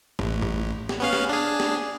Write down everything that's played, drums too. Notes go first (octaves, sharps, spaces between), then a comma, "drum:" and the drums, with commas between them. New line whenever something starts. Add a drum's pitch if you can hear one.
A1, drum: tom
drum: tom
drum: snare
B3 C#4 F5
drum: snare
D4 G#4
drum: snare